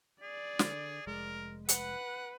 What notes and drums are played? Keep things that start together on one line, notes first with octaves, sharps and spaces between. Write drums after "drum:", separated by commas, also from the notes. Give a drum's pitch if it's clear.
G#4 D5
D3, drum: snare
F1 G#3 A#4
B4 F#5, drum: hi-hat